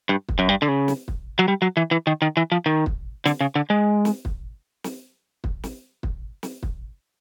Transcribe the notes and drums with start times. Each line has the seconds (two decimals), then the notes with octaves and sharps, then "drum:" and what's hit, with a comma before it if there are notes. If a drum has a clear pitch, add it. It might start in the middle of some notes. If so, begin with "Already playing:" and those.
0.09 G2
0.29 drum: kick
0.39 F#2
0.49 G2
0.62 D3
0.68 C#3
0.88 drum: snare
1.08 drum: kick
1.39 F#3
1.48 G3
1.62 F#3
1.77 E3
1.91 E3
2.07 D#3
2.22 D#3
2.37 E3
2.52 F3
2.66 D#3
2.86 drum: kick
3.26 D3, drum: snare
3.41 C#3
3.56 D3
3.70 G#3
4.05 drum: snare
4.25 drum: kick
4.84 drum: snare
5.44 drum: kick
5.64 drum: snare
6.03 drum: kick
6.43 drum: snare
6.63 drum: kick